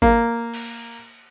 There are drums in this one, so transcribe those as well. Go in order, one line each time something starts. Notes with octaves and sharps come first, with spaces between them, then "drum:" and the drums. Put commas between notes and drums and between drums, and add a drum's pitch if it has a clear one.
A#3, drum: kick G#1
drum: cymbal